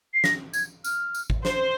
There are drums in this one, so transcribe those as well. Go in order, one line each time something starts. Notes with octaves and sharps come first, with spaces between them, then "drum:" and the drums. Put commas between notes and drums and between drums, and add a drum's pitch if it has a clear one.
C7
A#6, drum: snare
G#6, drum: tambourine
F6, drum: tambourine
drum: tambourine
drum: kick G#1
C5, drum: snare